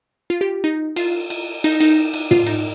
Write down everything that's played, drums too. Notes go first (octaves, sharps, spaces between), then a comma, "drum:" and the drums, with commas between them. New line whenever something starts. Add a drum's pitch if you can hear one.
F4
G4
D#4
F4, drum: cymbal
drum: cymbal
D#4, drum: cymbal
D#4, drum: cymbal
drum: cymbal
F4, drum: tom
D#4, drum: cymbal